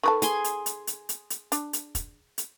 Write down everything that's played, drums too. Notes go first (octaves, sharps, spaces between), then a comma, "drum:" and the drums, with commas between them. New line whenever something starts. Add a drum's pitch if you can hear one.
D#3 A4 B4 A5 C#6
G#4 G#5 C6, drum: hi-hat
drum: hi-hat
drum: hi-hat
drum: hi-hat
drum: hi-hat
drum: hi-hat
D4, drum: hi-hat
drum: hi-hat
drum: kick, hi-hat
drum: hi-hat